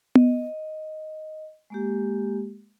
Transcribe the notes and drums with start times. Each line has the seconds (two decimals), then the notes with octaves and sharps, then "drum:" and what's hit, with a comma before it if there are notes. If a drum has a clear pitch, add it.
0.15 D#5, drum: tom B3
1.70 G#3 A#3 G4